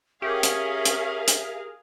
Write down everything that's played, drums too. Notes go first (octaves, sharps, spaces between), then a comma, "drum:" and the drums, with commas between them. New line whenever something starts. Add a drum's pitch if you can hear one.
C#4 G4 G#4 A#4 E5 F5
drum: hi-hat
drum: hi-hat
drum: hi-hat